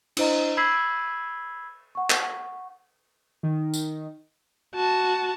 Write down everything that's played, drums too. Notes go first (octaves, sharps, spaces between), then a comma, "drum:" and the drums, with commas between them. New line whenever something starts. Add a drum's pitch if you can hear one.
D4 E4 C5 D#5 A#5, drum: cymbal
B5 E6 G#6 B6 C7 F#7
F#5 C#6
drum: clap
D#3
drum: tambourine
F#4 A5